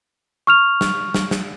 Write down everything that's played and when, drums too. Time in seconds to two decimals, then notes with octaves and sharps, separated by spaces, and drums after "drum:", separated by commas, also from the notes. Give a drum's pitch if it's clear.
0.47 C#6 F6 F7
0.81 drum: snare
1.14 drum: snare
1.31 drum: snare